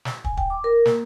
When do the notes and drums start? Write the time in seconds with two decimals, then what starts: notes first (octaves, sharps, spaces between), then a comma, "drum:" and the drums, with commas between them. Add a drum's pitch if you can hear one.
0.05 drum: snare
0.24 G#5, drum: kick
0.37 G5, drum: kick
0.50 D6
0.64 A#4
0.85 A#3, drum: snare